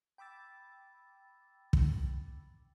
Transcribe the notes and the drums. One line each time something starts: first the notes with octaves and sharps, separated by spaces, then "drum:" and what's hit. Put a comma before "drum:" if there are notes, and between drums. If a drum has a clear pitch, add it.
G5 B5 D6 E6 A6
drum: kick